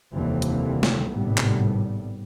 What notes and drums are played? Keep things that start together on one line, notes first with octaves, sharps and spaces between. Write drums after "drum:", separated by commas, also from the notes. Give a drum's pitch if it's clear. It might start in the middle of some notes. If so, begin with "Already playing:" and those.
F1 D#2 D3 E3 G3 C4
drum: hi-hat
drum: snare
G#1 A2 C3 G3 B3
drum: clap